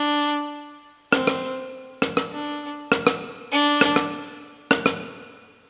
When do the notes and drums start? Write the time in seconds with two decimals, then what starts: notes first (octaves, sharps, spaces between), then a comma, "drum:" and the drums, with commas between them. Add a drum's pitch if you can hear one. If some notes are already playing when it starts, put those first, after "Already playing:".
Already playing: D4
1.12 C4, drum: rim click
1.27 drum: rim click
2.02 drum: rim click
2.17 drum: rim click
2.32 D4
2.92 drum: rim click
3.07 drum: rim click
3.51 D4
3.81 drum: rim click
3.96 drum: rim click
4.71 drum: rim click
4.86 drum: rim click